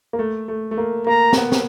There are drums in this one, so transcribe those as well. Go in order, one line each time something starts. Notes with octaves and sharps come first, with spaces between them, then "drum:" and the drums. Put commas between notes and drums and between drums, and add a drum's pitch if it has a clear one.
A#3
A3
A3
A3
A#3
A#3 A#5
A#3, drum: snare
B3
drum: snare